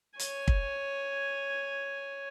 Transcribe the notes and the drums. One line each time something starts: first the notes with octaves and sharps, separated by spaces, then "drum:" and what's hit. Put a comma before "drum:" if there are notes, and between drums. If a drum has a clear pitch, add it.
C#5 G#5, drum: hi-hat
drum: kick